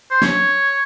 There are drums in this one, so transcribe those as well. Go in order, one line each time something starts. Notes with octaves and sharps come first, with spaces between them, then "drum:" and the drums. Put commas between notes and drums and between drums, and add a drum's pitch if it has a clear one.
C5
C#5, drum: snare